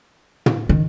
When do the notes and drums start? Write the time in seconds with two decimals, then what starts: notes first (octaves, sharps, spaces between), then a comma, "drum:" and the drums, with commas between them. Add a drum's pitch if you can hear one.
0.46 drum: tom
0.69 D#3